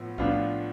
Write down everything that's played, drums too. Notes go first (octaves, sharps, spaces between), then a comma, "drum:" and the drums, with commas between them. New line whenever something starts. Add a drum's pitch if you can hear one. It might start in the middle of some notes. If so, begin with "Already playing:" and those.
Already playing: A2 F3 B3
A2 F3 B3 D4 F4, drum: kick B1